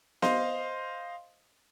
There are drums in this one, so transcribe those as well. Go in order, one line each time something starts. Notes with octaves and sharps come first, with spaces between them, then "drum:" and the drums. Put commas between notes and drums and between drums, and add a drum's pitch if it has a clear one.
C5 D#5 F5 C6, drum: snare B3